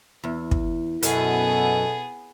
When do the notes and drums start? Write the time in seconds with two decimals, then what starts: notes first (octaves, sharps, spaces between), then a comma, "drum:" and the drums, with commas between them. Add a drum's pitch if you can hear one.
0.24 E2
0.51 drum: kick
1.03 F#2 B2 B3 G#4 A4, drum: hi-hat